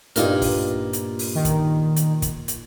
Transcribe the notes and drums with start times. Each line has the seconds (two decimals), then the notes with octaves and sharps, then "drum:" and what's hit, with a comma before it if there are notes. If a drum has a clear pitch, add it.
0.16 G2 A#2 B3 D#4 F4 A#4, drum: hi-hat
0.42 drum: kick, open hi-hat
0.93 drum: hi-hat
1.19 drum: open hi-hat
1.35 D#3
1.45 drum: kick, hi-hat
1.96 drum: hi-hat
2.22 drum: kick, hi-hat
2.48 drum: hi-hat